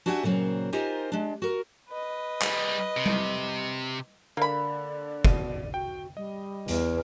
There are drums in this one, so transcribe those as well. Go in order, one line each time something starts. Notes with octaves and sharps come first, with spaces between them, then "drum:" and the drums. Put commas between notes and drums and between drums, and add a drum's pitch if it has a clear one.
D4 F#4 G4 E5 F#5 G#5
A#2 C#3 F#3 A#3 C4
D#4 F4 G4 A#4 C5 G#5
G#3 D4
F#4 A#4
B4 D#5
G3 G#4, drum: clap
C3
drum: tom G3
D3 A#3 D5 B5
B2 D#7, drum: kick
F#4 G5
G3 D#5
E2, drum: hi-hat